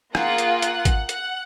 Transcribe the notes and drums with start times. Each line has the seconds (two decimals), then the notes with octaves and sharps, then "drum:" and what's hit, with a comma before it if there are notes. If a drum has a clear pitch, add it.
0.15 A#3 F4 G#4 F#5, drum: rim click
0.38 drum: hi-hat
0.62 F#5, drum: hi-hat
0.85 drum: kick G#1, hi-hat
1.09 F#5, drum: hi-hat